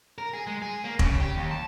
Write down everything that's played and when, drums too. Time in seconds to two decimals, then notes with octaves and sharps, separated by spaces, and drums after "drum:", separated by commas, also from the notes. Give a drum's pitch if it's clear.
0.18 A#4
0.34 G#4
0.47 G#3
0.62 G#4
0.84 A#3
0.99 C#3, drum: kick E1
1.20 G4
1.36 D#2
1.51 A5